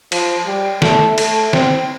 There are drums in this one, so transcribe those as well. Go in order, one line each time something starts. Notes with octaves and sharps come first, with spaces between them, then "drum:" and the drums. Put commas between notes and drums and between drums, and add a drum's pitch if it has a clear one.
F3, drum: cymbal
G3
A3, drum: snare
A3, drum: cymbal
C4, drum: snare